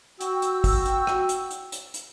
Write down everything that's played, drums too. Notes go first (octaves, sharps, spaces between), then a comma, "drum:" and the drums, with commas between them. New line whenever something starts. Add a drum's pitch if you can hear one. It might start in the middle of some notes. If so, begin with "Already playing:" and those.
F#4 G5 E6, drum: hi-hat
drum: hi-hat
drum: kick, open hi-hat
drum: hi-hat
drum: rim click
drum: hi-hat
drum: hi-hat
drum: hi-hat
drum: hi-hat